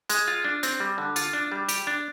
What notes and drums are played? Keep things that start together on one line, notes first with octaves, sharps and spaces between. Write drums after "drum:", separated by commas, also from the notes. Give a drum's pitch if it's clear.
G#3, drum: hi-hat
F4
D4
C4, drum: hi-hat
G3
D3
F4, drum: hi-hat
D4
G3
G4, drum: hi-hat
D4